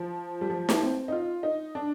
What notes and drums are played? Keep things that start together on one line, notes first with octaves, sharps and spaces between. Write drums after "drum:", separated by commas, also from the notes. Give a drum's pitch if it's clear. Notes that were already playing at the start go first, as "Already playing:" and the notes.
Already playing: F3
G3
F3
drum: snare
C4
D#4
F4
D#4
D4